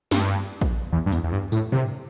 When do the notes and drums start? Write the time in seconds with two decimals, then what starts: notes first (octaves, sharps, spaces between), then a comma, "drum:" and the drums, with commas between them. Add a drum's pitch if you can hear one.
0.11 G2, drum: snare
0.61 drum: kick A#1
0.92 E2
1.06 G2
1.12 E2, drum: hi-hat
1.24 E2
1.33 G2
1.52 A2, drum: tambourine
1.72 C3, drum: tom